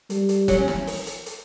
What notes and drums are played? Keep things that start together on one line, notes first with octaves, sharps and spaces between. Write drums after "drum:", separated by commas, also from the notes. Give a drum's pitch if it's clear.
G3, drum: hi-hat
drum: hi-hat
F#3, drum: kick F1, hi-hat
C#4
drum: snare
drum: open hi-hat
drum: hi-hat
drum: hi-hat